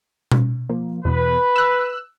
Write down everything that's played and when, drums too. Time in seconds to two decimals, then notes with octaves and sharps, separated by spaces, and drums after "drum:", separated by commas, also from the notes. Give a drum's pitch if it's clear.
0.32 drum: tom B2
0.70 F3 A#3
1.05 E2 B2 B4
1.56 E6 F#6